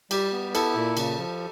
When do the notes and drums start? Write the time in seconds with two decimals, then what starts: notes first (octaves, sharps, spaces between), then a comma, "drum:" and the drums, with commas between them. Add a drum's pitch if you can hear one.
0.11 G3 G4, drum: cymbal
0.32 B3
0.55 E4 A4, drum: cymbal
0.76 A#2
0.97 C#3, drum: cymbal
1.18 F3